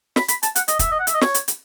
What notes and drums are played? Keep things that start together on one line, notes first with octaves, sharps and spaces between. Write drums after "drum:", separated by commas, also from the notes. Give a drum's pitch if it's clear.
B5, drum: snare
B5, drum: hi-hat
A5, drum: hi-hat
F#5, drum: hi-hat
D#5, drum: hi-hat
E5, drum: kick, hi-hat
D#5
F#5
E5, drum: hi-hat
D#5
C#5, drum: snare
drum: hi-hat
drum: hi-hat